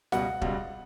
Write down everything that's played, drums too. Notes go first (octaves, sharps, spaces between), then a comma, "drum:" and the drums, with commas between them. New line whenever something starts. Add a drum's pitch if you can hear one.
C#2 B2 G3 F#5, drum: snare
C#2 B2 G3, drum: kick